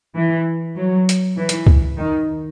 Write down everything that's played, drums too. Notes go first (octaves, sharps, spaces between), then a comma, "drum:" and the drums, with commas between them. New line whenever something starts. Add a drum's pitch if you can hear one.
E3
F#3
drum: hi-hat
E3
drum: hi-hat
drum: kick
D#3